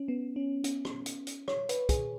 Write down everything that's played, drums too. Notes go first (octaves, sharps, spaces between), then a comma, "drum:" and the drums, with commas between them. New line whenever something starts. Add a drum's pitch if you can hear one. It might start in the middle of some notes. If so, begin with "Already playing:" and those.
Already playing: C#4
B3
C#4
C#4, drum: hi-hat
drum: rim click
drum: hi-hat
drum: hi-hat
C#5, drum: rim click
B4, drum: hi-hat
G#4, drum: kick, hi-hat